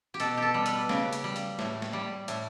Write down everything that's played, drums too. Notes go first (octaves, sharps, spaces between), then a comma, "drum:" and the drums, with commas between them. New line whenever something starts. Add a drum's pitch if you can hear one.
G4
B2 A4, drum: hi-hat
G4 A4
G3
B4, drum: hi-hat
C#3 G4, drum: snare
drum: hi-hat
G3
drum: hi-hat
A2, drum: snare
drum: snare
G3
A2, drum: hi-hat